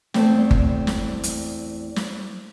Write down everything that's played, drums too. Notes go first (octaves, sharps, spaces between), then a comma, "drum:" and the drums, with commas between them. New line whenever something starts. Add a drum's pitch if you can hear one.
E2 F3 A3 C4 D5 G5, drum: snare
drum: kick G1
drum: snare
drum: hi-hat
drum: snare